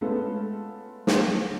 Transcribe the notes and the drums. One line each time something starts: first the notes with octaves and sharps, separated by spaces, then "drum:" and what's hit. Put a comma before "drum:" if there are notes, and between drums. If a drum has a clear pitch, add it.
G#3 A3 B3 C#4 F4 A4
drum: snare